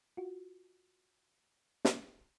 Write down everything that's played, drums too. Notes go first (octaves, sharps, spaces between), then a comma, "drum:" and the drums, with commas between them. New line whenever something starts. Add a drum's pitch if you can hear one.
F4 F#4
drum: snare